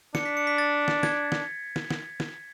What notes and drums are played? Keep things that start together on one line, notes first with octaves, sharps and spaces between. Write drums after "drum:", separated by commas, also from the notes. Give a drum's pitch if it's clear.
D4 C#7, drum: snare
B6
C#7
B6
A6
drum: snare
G#6, drum: snare
drum: snare
drum: snare
drum: snare
drum: snare